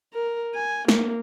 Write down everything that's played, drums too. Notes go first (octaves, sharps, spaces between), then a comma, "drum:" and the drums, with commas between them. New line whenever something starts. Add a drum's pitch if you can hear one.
A#4
G#5
A#3, drum: snare